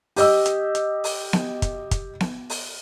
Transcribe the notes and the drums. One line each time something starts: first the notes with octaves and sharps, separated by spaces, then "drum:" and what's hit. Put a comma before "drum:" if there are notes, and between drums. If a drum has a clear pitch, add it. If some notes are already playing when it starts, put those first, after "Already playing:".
G4 D#5 E6, drum: open hi-hat
drum: hi-hat
drum: hi-hat
drum: open hi-hat
drum: snare B3
drum: kick, hi-hat
drum: kick, hi-hat
drum: snare B3
drum: open hi-hat